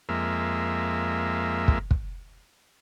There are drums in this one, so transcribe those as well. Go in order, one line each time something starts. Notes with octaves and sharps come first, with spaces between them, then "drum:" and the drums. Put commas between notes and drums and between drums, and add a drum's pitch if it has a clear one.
F2 G#3 A#3 E5
drum: kick
drum: kick